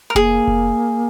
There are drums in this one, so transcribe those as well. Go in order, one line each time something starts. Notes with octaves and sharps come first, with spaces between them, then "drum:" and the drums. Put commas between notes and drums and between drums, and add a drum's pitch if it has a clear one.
A#4
A#3 G#4, drum: kick F1
drum: kick F1